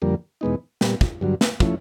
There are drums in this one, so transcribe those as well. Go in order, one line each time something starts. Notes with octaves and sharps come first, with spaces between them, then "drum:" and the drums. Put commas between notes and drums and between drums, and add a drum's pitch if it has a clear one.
F2 D3 G3 A#3
E2 B2 G#3 B3 D#4
A#2 G3 B3, drum: snare
drum: kick
G2 D3 F#3
drum: snare
F3 A3 C#4 E4, drum: kick